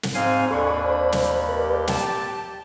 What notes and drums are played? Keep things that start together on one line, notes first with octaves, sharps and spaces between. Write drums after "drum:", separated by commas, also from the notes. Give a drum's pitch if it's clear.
drum: snare
G#2 C4 F5 G#5
D#2 D4 A4 G#5 B5 C#6
C5
drum: snare
G4 A#4 B4 D5
G5 A5, drum: snare